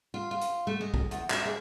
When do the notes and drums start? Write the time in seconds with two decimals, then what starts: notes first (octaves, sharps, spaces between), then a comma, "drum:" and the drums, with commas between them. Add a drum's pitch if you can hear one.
0.14 F4
0.31 F4
0.41 drum: hi-hat
0.67 A3
0.81 G#3
0.94 drum: kick
1.11 E2, drum: hi-hat
1.30 E5, drum: clap
1.45 G#4